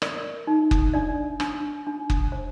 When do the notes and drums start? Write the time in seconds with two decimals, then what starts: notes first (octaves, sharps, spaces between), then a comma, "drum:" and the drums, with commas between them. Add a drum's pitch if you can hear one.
0.02 A#4 D5, drum: rim click
0.47 D#4
0.71 drum: kick F#1
0.94 D4 D5
1.40 D4, drum: rim click
1.87 D4
2.10 drum: kick F#1
2.32 C5